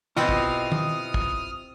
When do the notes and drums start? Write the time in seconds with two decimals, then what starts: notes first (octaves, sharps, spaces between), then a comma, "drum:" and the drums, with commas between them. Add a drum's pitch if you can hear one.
0.17 B2 C4 E4 F4 G4 D#5 D#6 F6
0.29 drum: kick
0.72 drum: tom
1.14 drum: kick